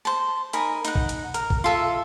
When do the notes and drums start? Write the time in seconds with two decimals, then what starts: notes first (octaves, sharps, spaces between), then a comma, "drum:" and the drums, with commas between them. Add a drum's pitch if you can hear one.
0.05 C5 A5
0.53 D#4 A#4 G#5 B5, drum: hi-hat
0.85 D#4 F#5, drum: hi-hat
0.95 drum: kick
1.09 drum: hi-hat
1.34 A#4, drum: hi-hat
1.50 drum: kick
1.64 F4 A4 E5